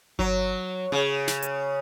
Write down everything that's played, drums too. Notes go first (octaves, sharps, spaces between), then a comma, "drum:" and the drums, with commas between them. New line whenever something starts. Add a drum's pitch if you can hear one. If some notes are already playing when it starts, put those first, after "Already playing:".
F#3, drum: kick G1
C#3
drum: snare
drum: hi-hat